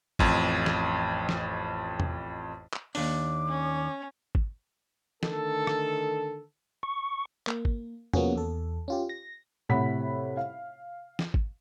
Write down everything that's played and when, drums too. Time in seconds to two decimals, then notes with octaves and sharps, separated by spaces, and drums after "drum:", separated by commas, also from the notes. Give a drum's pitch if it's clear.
0.19 A1 F2, drum: kick G#1
0.66 drum: snare
1.29 drum: snare
2.00 drum: tom E2
2.73 drum: clap
2.95 D#2 D4 D6, drum: open hi-hat
3.48 C#4
4.35 drum: kick G#1
5.23 D3 D#3 A3 A4, drum: snare
5.67 drum: rim click
6.83 C#6
7.47 A#3, drum: clap
7.65 drum: kick G#1
8.13 F3 A#3 B3 C#4 F#4 G#4, drum: tom E2
8.35 E2 A4
8.88 C#4 F4 G4
9.09 A#6
9.69 A2 C3 F#5 B5 B6
10.37 F5
11.19 drum: snare
11.34 drum: kick G#1